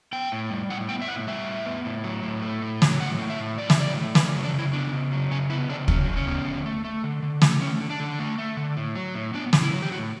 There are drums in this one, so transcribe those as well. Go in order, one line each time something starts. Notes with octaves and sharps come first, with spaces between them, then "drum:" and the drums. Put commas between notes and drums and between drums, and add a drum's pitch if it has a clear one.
B3 G5
A2
G3
A2 F#5
B3 G5
E5
A2 F#5
G3 E5
A2
B3
A2
F#3
A2
A3
A2
F#3, drum: snare
A2 F#5
A3
E5
A2
F#3 D5
E5, drum: snare
A2 D5
A3
C#3 B4, drum: snare
F#3
D4
C#3
E4
B3 D4
C#3
F#3
C#3 C#4
B3 E4
C#3 D4
F#3 C#4, drum: kick
C#3
C#4
B3
D3
A3
A3
D3
D3
A3, drum: snare
A3 C#4
D3
D4
D3
A3
A3
D3
A2
F#3
A2
B3 D4
A2, drum: snare
E4
F#3
G4
A2 F#4